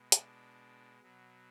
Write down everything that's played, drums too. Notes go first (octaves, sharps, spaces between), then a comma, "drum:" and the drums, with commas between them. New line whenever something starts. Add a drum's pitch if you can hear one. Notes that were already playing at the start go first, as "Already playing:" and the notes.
Already playing: B2 G#3
D4, drum: hi-hat
B2 F#3